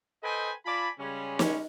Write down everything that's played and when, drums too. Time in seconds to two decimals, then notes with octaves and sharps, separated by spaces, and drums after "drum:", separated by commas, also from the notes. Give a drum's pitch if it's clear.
0.23 A4 B4 C5 D#5 G5 G#5
0.65 F4 D5 G#5 A5 B5
0.99 C#3 G3 G#3 C#4
1.39 drum: snare